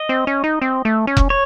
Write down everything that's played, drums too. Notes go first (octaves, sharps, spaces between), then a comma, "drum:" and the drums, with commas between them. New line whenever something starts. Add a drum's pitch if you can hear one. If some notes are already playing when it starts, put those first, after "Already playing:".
Already playing: D#5
C4
C#4
D#4
C4
A3
C#4
drum: kick F1
C#5